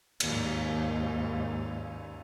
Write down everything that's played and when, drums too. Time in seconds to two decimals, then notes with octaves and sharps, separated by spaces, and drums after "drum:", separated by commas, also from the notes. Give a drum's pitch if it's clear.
0.20 D#2 G#2, drum: cymbal